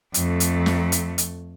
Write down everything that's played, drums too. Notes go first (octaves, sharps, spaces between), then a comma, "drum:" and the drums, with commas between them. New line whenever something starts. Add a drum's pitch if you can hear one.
F2 A3, drum: hi-hat
drum: hi-hat
drum: snare
drum: hi-hat
drum: hi-hat